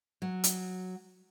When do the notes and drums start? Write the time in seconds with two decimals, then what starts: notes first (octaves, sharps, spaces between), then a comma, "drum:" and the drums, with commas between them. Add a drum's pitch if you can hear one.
0.22 F#3
0.44 drum: hi-hat